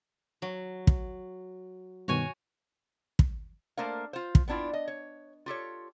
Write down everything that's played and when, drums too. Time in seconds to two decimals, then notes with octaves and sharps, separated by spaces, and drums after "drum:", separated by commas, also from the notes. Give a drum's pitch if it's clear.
0.42 F#3
0.87 drum: kick
2.08 G2 B2 D#3 F#4 C#5 G#5
3.19 drum: kick
3.77 A3 A#3 D4 A#4 C5 F5
4.13 F4 C5
4.35 drum: kick
4.48 B3 C4 D4 E4 F4
4.73 D#5
4.88 C#5
5.46 F4 G4 A4 C#5